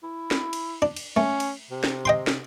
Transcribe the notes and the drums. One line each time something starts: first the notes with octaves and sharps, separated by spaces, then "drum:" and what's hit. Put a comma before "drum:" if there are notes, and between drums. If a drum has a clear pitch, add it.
E4
drum: snare
drum: cymbal
D4
drum: cymbal
A3 C#4
drum: cymbal
C3
drum: snare
D#5 G5 C6
drum: snare